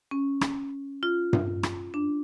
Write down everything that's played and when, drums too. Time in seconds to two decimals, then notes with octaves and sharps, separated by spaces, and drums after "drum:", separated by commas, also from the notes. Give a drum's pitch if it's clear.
0.11 C#4
0.41 drum: rim click
1.03 F4
1.33 drum: tom G2
1.63 drum: rim click
1.94 D4